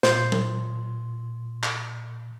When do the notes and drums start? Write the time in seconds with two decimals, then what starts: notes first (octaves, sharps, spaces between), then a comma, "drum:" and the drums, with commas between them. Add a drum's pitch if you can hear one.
0.03 A#2 C5 C6, drum: snare
0.32 drum: tom F#3
1.63 drum: clap